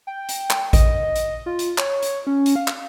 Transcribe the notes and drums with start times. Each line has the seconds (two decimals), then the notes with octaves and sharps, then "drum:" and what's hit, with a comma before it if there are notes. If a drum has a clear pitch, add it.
0.07 G5
0.29 drum: hi-hat
0.50 drum: clap
0.73 D#5, drum: kick A1, hi-hat
1.16 drum: hi-hat
1.46 F4
1.59 drum: hi-hat
1.78 C#5, drum: clap
2.02 drum: hi-hat
2.27 C#4
2.46 drum: hi-hat
2.56 F5
2.68 drum: clap